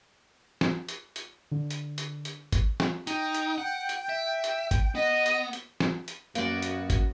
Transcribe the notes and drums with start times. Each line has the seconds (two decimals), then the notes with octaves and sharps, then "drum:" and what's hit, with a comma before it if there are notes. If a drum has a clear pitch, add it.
0.61 drum: snare
0.89 drum: hi-hat
1.16 drum: hi-hat
1.51 D3
1.71 drum: hi-hat
1.98 drum: hi-hat
2.25 drum: hi-hat
2.52 drum: kick, hi-hat
2.80 drum: snare
3.07 D#4 G5, drum: hi-hat
3.34 drum: hi-hat
3.58 F#5
3.89 drum: hi-hat
4.09 E5
4.44 drum: hi-hat
4.71 drum: kick, hi-hat
4.95 B3 D#5
5.26 drum: hi-hat
5.53 drum: hi-hat
5.80 drum: snare
6.08 drum: hi-hat
6.35 F#2 A#3 B3 F#4 D5 G5, drum: hi-hat
6.62 drum: hi-hat
6.90 drum: kick, hi-hat